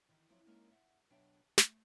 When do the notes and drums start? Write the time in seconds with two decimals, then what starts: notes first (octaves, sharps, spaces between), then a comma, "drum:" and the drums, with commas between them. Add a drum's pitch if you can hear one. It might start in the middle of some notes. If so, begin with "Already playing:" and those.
0.09 D#3 E3
0.29 F3 F#3 C4 E4
0.46 G#3 A#3 C#4 D#4 A#4
0.71 E5 F#5
1.10 B2 F#3 D4 E5 G5
1.58 A3, drum: snare